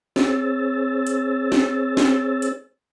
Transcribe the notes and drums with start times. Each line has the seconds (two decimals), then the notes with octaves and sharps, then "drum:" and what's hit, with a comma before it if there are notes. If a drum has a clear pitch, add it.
0.16 C4 G#4 C5 C#5 E6 A6, drum: snare
1.07 drum: hi-hat
1.52 drum: snare
1.97 drum: snare
2.42 drum: hi-hat